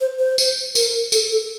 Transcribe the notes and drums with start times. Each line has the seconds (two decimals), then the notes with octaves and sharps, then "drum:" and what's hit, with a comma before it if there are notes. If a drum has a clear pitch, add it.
0.01 C5
0.19 C5
0.38 drum: tambourine
0.75 A#4, drum: tambourine
1.12 A4, drum: tambourine
1.31 A4